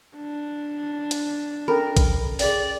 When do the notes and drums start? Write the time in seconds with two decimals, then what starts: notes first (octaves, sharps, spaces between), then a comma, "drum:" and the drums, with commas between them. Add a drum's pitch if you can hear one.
0.16 D4
1.11 drum: hi-hat
1.68 C#4 A4 A#4 B5
1.97 drum: kick, hi-hat
2.39 C#4 G#4 D5, drum: open hi-hat